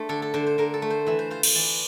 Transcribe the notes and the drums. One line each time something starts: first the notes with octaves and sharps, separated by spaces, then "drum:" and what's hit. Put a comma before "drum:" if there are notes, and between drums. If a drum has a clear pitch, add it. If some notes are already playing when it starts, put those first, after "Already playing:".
Already playing: A3 D4 C5
D3 A4
A4
D3 C5
C5
D3 A#4
A4
A3
C5
E3 E5
C5
F4 C5
C5, drum: cymbal
E3 D5